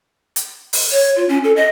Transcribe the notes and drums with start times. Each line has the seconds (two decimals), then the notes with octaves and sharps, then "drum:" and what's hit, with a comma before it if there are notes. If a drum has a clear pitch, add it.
0.36 drum: hi-hat
0.73 drum: open hi-hat
0.91 C#5
1.16 F4
1.29 C#4
1.44 A4
1.56 D#5